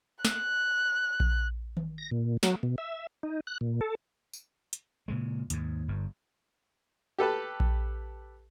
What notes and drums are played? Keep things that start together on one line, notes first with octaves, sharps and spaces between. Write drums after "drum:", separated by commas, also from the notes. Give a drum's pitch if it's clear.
F#6, drum: snare
drum: kick A#1
drum: tom D#3
A#6
A#2
F#3, drum: snare
B2
E5
D#4
F#6
A#2
A4
drum: tambourine
drum: hi-hat
A#2 C#3 G#3
D#2 G#2, drum: hi-hat
G1 G2
G4 A4 B4 A5
drum: kick A#1